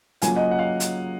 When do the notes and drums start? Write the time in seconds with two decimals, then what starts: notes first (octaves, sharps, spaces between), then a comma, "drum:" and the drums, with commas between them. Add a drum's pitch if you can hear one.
0.22 C#3 F#3 A#3 F4 F5 G#5, drum: hi-hat
0.36 D#5 F#5
0.51 F#5
0.59 F5
0.80 drum: hi-hat